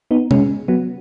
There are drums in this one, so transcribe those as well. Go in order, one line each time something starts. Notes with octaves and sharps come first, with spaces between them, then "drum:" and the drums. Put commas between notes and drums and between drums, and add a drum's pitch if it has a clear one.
B3 D#4
G#3 C#4, drum: tom C3
F#3 B3